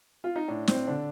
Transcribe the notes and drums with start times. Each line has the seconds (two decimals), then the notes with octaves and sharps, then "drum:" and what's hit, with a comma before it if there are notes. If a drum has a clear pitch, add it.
0.24 F4
0.36 D#4
0.48 A2 D4
0.68 C4, drum: snare
0.87 D3 D4